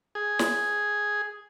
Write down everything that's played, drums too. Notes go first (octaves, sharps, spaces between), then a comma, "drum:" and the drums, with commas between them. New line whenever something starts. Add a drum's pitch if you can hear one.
G#4
drum: snare